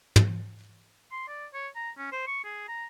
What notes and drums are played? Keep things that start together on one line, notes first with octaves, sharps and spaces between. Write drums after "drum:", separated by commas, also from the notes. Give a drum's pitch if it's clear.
drum: tom
C6
D5
C#5
A#5
C#4
C5
C#6
G#4
A#5